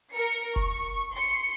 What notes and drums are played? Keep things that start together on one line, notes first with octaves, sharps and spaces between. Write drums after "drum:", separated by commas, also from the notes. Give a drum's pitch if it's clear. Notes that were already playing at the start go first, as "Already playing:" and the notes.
A#4 C#7
C#6, drum: kick F1
C6 C#7